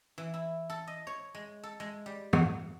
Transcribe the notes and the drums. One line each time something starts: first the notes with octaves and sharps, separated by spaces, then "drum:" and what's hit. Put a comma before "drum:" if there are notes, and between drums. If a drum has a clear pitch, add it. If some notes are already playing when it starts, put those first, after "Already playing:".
E3
E4
A4
D#5
C#5
G#3
A4
G#3
G3
F#4, drum: tom